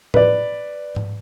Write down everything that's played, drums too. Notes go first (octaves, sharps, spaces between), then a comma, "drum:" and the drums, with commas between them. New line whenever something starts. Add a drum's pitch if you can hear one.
B4 D5, drum: tom A2
drum: tom G#2